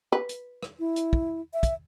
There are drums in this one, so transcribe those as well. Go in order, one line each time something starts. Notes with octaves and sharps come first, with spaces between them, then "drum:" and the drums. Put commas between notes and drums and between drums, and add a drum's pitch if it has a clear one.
B4
drum: hi-hat
drum: rim click
E4
drum: hi-hat
drum: kick
E5
drum: kick, hi-hat